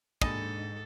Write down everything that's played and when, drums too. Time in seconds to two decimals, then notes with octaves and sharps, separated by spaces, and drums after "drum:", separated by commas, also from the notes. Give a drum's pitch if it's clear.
0.22 D#2 G#2 D4 A4 D#5 G#5 B5, drum: kick